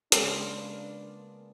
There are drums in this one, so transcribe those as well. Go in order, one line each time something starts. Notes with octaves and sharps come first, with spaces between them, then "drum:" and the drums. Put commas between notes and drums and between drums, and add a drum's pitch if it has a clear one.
C#3 G#3 A#3 B3 D4 F4, drum: hi-hat